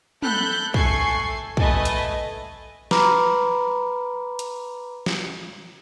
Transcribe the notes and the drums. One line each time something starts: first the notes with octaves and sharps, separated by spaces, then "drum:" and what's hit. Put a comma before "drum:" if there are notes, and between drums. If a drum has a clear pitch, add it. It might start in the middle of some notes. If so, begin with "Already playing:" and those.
A4 B5 F#6 G6, drum: tom
A3 A4 G#5 C#6 G#6 C7, drum: kick
A3 B4 D#5 G#5 A5, drum: kick
drum: hi-hat
B4 A#5 B5 D6 F6, drum: snare
drum: hi-hat
drum: snare